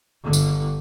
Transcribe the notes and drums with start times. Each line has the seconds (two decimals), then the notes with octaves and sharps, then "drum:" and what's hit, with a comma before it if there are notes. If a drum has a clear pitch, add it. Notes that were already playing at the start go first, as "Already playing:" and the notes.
0.24 G1 D3
0.33 drum: tambourine